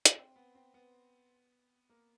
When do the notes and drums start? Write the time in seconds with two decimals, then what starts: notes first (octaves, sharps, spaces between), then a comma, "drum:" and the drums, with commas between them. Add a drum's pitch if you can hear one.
0.06 drum: hi-hat
0.17 C4
0.36 B3
0.55 C4
0.74 B3
1.89 A#3